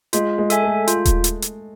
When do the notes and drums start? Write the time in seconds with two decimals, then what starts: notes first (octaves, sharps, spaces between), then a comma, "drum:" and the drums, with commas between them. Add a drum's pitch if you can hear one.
0.13 G#3 F4, drum: hi-hat
0.38 G#3
0.50 A4 E5 G#5, drum: hi-hat
0.63 A3
0.88 F4, drum: hi-hat
1.05 drum: kick D#1, hi-hat
1.24 drum: hi-hat
1.42 drum: hi-hat